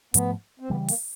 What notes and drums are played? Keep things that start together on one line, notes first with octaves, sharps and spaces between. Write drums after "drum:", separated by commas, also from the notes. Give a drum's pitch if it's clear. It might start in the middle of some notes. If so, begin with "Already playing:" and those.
G#2 F3 A3 B3, drum: hi-hat
C4
C#3 E3 G3 B3
A#3, drum: open hi-hat